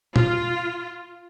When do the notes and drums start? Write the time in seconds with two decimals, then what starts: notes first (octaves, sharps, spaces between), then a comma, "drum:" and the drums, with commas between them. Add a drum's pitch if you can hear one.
0.16 F4, drum: tom